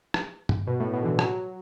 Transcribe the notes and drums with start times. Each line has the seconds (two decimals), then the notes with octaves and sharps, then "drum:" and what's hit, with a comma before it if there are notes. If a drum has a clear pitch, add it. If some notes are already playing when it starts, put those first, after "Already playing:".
0.14 drum: rim click
0.49 drum: tom G2
0.67 B2
0.80 A2
0.93 B2
1.03 D3
1.05 E3
1.19 F#3, drum: rim click